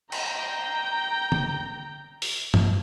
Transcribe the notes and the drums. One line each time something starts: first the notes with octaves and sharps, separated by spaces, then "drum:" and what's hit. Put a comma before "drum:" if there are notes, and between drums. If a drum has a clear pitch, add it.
G5 A#5, drum: cymbal
drum: tom D3
drum: open hi-hat
drum: tom G2